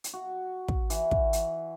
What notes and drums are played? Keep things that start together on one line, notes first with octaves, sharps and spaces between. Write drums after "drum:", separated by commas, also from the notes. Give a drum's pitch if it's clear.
drum: hi-hat
F#4
drum: kick
E3, drum: hi-hat
drum: kick
drum: hi-hat